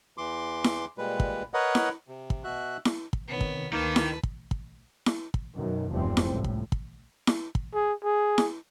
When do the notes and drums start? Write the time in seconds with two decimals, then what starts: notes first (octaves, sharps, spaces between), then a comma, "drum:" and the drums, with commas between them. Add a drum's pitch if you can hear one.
0.18 E2 E3 C6 D6
0.64 drum: snare E4
0.98 A#2 G3 G#3 B4
1.20 drum: kick
1.54 A#4 B4 C#5 D#5 F#5
1.75 drum: snare E4
2.08 C3
2.30 drum: kick
2.44 B2 F#4 E5 F#6
2.85 drum: snare E4
3.13 drum: kick
3.28 C3 D#3 B3 C#5
3.41 drum: kick
3.73 D2 D#3 A#3 B4 A5
3.96 drum: snare E4
4.23 drum: kick
4.51 drum: kick
5.06 drum: snare E4
5.34 drum: kick
5.55 F#2 B2 D#3
5.92 F1 E2 G2 F3 G3 C4
6.17 drum: snare E4
6.29 C#2 A2
6.44 drum: kick
6.72 drum: kick
7.27 drum: snare E4
7.55 drum: kick
7.74 G#4
8.04 G#4
8.38 drum: snare E4